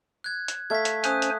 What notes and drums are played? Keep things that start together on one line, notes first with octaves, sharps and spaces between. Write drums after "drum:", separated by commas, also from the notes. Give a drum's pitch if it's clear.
F#6 G#6
drum: hi-hat
A3 E5 F5 G#6 B6
drum: hi-hat
C#4 C5 G#5 D#6 F#6, drum: hi-hat
drum: hi-hat